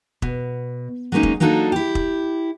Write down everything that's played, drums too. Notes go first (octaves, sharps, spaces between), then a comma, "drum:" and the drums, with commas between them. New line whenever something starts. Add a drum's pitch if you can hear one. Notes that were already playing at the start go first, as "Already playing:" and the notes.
B2, drum: kick
F#3 G#3 A#3 C#4 D#4
drum: kick
F#3 A#3 D4 D#4 F#4 A4
E4 G4
drum: kick